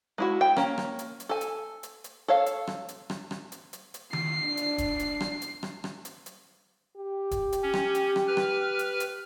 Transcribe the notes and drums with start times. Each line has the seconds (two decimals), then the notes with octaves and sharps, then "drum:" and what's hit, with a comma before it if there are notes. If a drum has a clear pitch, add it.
0.18 G#3 E4 F#4
0.41 G5
0.57 A#3 C#4, drum: rim click
0.78 drum: rim click
0.99 drum: hi-hat
1.20 drum: hi-hat
1.29 A4 G#5
1.41 drum: hi-hat
1.83 drum: hi-hat
2.04 drum: hi-hat
2.28 A4 C#5 F5
2.46 drum: hi-hat
2.67 drum: rim click
2.88 drum: hi-hat
3.10 drum: rim click
3.31 drum: rim click
3.52 drum: hi-hat
3.73 drum: hi-hat
3.94 drum: hi-hat
4.13 C7, drum: tom D#3
4.42 D4
4.57 drum: hi-hat
4.78 drum: kick D#1, hi-hat
4.99 drum: hi-hat
5.20 drum: rim click
5.42 drum: hi-hat
5.63 drum: rim click
5.84 drum: rim click
6.05 drum: hi-hat
6.26 drum: hi-hat
6.97 G4
7.31 drum: kick D#1, hi-hat
7.52 drum: hi-hat
7.62 C#4
7.74 drum: rim click
7.95 drum: hi-hat
8.16 drum: rim click
8.27 B4 F6
8.37 drum: rim click
8.79 drum: hi-hat
9.00 drum: hi-hat